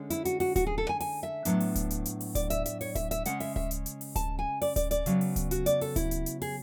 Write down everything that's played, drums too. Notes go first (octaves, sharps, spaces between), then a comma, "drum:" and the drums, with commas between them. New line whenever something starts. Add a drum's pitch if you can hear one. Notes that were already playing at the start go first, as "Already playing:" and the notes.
Already playing: D3 G#3 C#4
E4, drum: hi-hat
F#4, drum: hi-hat
F#4, drum: open hi-hat
F#4, drum: kick D1, hi-hat
G#4
A4
G#5
G#5, drum: open hi-hat
E5
A2 F#3 B3 D4, drum: hi-hat
drum: open hi-hat
drum: kick D1, hi-hat
drum: hi-hat
drum: hi-hat
drum: open hi-hat
D5, drum: kick D1, hi-hat
E5, drum: hi-hat
E5, drum: hi-hat
C#5, drum: open hi-hat
E5, drum: kick D1, hi-hat
E5, drum: hi-hat
C#3 G#3 C#4 F#5, drum: hi-hat
E5, drum: open hi-hat
E5, drum: kick D1
drum: hi-hat
drum: hi-hat
drum: open hi-hat
A5, drum: kick D1, hi-hat
G#5
D5, drum: open hi-hat
D5, drum: kick D1, hi-hat
D5, drum: hi-hat
C#3 F#3 B3, drum: hi-hat
drum: open hi-hat
drum: kick D1, hi-hat
F#4, drum: hi-hat
D5, drum: hi-hat
A4, drum: open hi-hat
E4, drum: kick D1, hi-hat
drum: hi-hat
drum: hi-hat
G#4, drum: open hi-hat